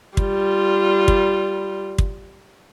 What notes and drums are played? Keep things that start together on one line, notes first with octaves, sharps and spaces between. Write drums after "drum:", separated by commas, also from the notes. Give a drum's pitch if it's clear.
G3 F4, drum: kick
drum: kick
drum: kick